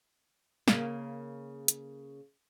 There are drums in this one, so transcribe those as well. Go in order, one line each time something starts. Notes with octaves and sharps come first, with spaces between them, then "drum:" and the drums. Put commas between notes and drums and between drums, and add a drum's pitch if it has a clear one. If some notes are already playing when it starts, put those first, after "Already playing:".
C#3 A#3, drum: snare
drum: hi-hat